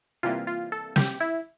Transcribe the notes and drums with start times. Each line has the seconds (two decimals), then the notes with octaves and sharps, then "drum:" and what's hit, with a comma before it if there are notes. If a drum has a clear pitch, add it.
0.23 C3 E3 G3 A#3 F4
0.47 F4
0.72 A4
0.96 G4, drum: snare
1.20 E4